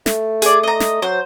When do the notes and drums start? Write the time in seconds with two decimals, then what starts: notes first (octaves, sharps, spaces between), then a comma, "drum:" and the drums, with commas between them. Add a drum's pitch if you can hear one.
0.06 A3, drum: snare
0.42 G#4 D5, drum: hi-hat
0.63 D#5 A#5
0.80 drum: snare
1.02 F#3 C5